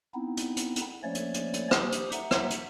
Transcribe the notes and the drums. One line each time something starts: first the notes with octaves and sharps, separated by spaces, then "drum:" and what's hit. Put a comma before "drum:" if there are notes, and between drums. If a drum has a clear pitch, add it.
B3 C4 D#4 E4
drum: hi-hat
drum: hi-hat
drum: hi-hat
F3 A3 A#3 C#4 C#5 D5
drum: hi-hat
drum: hi-hat
drum: hi-hat
G4 C5 D#6, drum: rim click
drum: hi-hat
E5 F#5 A#5, drum: hi-hat
drum: rim click
drum: hi-hat